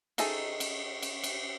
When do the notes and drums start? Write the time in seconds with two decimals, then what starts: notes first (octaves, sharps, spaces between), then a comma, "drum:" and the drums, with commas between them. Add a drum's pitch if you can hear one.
0.18 D#3 D#4 G#4 A4 E5, drum: cymbal
0.60 drum: cymbal
1.02 drum: cymbal
1.24 drum: cymbal